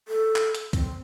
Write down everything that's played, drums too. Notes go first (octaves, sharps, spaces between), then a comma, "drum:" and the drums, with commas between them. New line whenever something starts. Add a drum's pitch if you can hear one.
A4
drum: clap
drum: hi-hat
C4, drum: kick, hi-hat